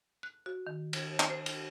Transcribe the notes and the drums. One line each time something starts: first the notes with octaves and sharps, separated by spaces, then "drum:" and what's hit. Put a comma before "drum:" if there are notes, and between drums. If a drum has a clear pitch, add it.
F#6
F#4
D#3
drum: cymbal
drum: clap
C5
drum: cymbal